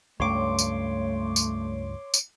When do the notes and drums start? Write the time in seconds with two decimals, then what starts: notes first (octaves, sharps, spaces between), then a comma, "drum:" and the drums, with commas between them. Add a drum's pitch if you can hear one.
0.20 C#2 G2 A3 C#5 C6 D6
0.59 drum: tambourine
1.36 drum: tambourine
2.14 drum: tambourine